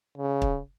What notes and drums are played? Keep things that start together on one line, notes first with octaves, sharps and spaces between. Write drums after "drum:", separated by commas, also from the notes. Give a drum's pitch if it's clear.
C#3
drum: kick